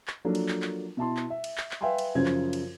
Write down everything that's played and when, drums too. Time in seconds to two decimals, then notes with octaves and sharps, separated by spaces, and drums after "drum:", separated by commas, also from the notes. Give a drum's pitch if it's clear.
0.08 drum: clap
0.24 F3 F#3 A#3 D4 A4 A#4
0.35 drum: cymbal
0.48 drum: clap
0.62 drum: clap
0.97 B2 E4 A5 C6
1.17 drum: clap
1.30 E5
1.44 drum: cymbal
1.58 drum: clap
1.71 drum: clap
1.81 B4 E5 F5 G5 G#5 C6
1.98 drum: cymbal
2.15 F#2 C#3 F3 C5 G#6
2.26 drum: clap
2.53 drum: cymbal